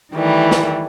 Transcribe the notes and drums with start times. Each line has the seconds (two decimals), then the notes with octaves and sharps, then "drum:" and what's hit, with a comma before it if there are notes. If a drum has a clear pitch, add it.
0.12 D#3 E3 G3 A3
0.51 drum: snare